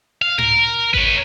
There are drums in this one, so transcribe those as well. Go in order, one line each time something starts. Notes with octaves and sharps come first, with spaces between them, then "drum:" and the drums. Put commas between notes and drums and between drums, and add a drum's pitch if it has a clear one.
F5
A#4, drum: tom G#2
B4 C#5, drum: kick G#1